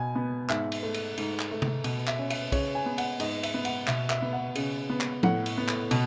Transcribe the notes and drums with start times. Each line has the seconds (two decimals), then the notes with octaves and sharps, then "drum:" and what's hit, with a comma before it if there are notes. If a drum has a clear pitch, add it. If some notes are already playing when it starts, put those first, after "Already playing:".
Already playing: B2 G#5
0.15 B3
0.49 G#2 E5, drum: clap
0.72 drum: cymbal
0.83 A3
0.94 drum: cymbal
1.17 G#2, drum: cymbal
1.39 drum: clap
1.51 A3
1.62 drum: tom C3
1.84 B2, drum: cymbal
2.07 E5, drum: clap
2.18 C#4
2.30 E5, drum: cymbal
2.52 C#3 C#5, drum: kick B1, cymbal
2.75 G#5
2.86 B3
2.98 F#5, drum: cymbal
3.20 G#2 D#5, drum: cymbal
3.43 E5, drum: cymbal
3.54 B3
3.65 F#5, drum: cymbal
3.87 B2 E5, drum: clap
4.10 E5, drum: clap
4.22 B3
4.33 F#5
4.55 C#3, drum: cymbal
4.90 B3
5.01 drum: clap
5.23 A2 F#5, drum: tom F3
5.46 drum: cymbal
5.58 B3
5.68 drum: clap
5.91 B2, drum: cymbal